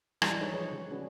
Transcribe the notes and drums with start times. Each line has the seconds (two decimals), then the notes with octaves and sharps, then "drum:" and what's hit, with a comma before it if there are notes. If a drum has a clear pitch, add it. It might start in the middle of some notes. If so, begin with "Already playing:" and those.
0.22 E3 G3 G#3 D4 E4, drum: rim click
0.40 G#3 D#4 B4 C#5
0.52 F3 G#3 B4 C#5
0.72 C#3 G#4
0.91 C#4 D4 F#4 G#4 B4